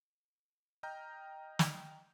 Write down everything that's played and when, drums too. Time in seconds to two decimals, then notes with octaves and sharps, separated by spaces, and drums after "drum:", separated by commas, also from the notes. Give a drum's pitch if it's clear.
0.83 D#5 G5 A#5 F6 G6
1.59 drum: snare